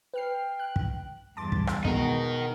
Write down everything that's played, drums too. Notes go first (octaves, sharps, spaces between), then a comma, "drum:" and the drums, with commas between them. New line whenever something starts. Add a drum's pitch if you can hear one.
B4 G5 F6 C7
F#6
drum: kick
E2 G2 A5 C6 D6 A6
drum: kick
drum: rim click
B2 G#3 B3 D#4 G#4 A#4 F#5, drum: kick